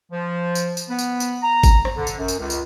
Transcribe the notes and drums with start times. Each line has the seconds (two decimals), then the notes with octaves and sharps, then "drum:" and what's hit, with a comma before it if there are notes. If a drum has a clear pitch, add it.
0.11 F3
0.55 drum: tambourine
0.77 drum: tambourine
0.89 B3
0.99 drum: tambourine
1.20 drum: tambourine
1.42 A#5
1.63 drum: kick G#1, tambourine
1.85 drum: rim click
1.95 D3
2.07 drum: tambourine
2.18 F#2
2.28 drum: tambourine
2.39 C#2
2.50 drum: tambourine